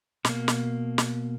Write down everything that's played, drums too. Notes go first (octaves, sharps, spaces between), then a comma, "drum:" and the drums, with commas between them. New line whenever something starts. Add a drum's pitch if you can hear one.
B2 A#3, drum: snare
drum: snare
drum: snare